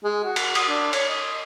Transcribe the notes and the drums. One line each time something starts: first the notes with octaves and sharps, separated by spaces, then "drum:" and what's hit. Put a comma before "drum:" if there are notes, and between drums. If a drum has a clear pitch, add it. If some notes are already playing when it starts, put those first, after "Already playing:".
G#3
F#4
drum: cymbal
D#6, drum: cymbal
D4
C#5, drum: cymbal
D#5